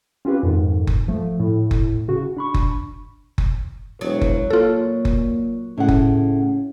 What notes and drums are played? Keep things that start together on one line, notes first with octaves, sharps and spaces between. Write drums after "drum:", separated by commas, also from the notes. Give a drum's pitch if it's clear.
C4 C#4 F4 G4 B4
F2 G#2 D#3
drum: kick F#1
F3 A3
A2
drum: kick F#1
C#3 F#4
D4 B5 C#6
drum: kick F#1
drum: kick F#1
E1 F#3
drum: kick F#1
A#2 F4 A4
drum: kick F#1
A2 C#3 F#5
drum: kick F#1